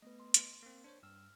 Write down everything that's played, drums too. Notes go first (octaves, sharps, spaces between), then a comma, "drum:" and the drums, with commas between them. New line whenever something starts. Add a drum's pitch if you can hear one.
A3 B3 B4 D#5
C6
drum: hi-hat
A#3 C4
D4 C5 C#5
G2 E6 F6